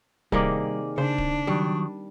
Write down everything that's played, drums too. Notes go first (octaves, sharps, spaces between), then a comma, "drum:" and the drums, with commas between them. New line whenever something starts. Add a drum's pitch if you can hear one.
C3 D#3 G3 A#3 G#4 D5, drum: kick D1
C#3 D4 C5
drum: kick D1
D#3 F#3 G3